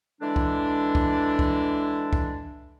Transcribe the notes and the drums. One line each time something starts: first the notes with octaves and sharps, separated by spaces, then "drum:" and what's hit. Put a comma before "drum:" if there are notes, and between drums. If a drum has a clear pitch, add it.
D3 E3 G#3 D4
drum: kick
drum: kick
drum: kick
drum: kick